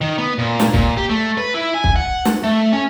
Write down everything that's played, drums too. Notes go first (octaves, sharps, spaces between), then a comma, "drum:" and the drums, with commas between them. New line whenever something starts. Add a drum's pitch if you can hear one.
D#3
B3
A#2
drum: snare
A#2, drum: kick
G4
A3
B4
E4
G#5
drum: kick
F#5
drum: snare
A3
C#4